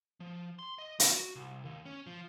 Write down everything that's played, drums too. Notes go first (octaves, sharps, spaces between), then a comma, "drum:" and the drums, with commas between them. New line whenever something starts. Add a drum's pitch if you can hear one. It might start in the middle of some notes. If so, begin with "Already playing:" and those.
F3
C6
D#5
F#4, drum: hi-hat
C2
D#2
C#4
F3